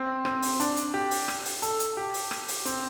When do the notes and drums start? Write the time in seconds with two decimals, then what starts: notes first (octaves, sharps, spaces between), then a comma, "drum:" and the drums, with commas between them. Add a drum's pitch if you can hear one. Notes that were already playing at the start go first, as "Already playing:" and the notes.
Already playing: C4
0.25 C4, drum: rim click
0.42 drum: open hi-hat
0.60 D4, drum: hi-hat
0.77 drum: hi-hat
0.94 G4
1.11 drum: open hi-hat
1.28 drum: rim click
1.45 drum: open hi-hat
1.62 A4, drum: hi-hat
1.79 drum: hi-hat
1.97 G4
2.14 drum: open hi-hat
2.31 drum: rim click
2.48 drum: open hi-hat
2.65 C4, drum: hi-hat